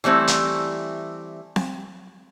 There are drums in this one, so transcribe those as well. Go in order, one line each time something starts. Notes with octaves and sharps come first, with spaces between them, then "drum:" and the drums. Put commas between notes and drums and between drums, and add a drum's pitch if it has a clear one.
E3 G3 A3 C4 E4
drum: hi-hat
drum: snare C4